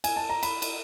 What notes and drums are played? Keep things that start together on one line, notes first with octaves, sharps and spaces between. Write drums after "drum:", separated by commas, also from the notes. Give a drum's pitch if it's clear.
G#5, drum: cymbal
A5
A#5
B5, drum: cymbal
drum: cymbal